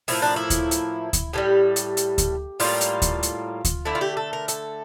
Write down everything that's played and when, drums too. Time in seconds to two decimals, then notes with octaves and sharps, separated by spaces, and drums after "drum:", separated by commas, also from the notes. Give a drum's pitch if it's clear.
0.08 A2 F3 A#3 E4, drum: open hi-hat
0.22 D4
0.36 E4
0.50 drum: kick D2, hi-hat
0.71 drum: hi-hat
1.13 drum: kick D2, hi-hat
1.33 A2 E3 G3 G4
1.76 drum: hi-hat
1.97 drum: hi-hat
2.18 drum: kick D2, hi-hat
2.60 A2 G3 A#3 F4, drum: open hi-hat
2.81 drum: hi-hat
3.02 drum: kick D2, hi-hat
3.23 drum: hi-hat
3.65 drum: kick D2, hi-hat
3.85 D3 A3 E4
3.95 F4
4.01 G4
4.17 A4
4.33 A#4
4.48 A4, drum: hi-hat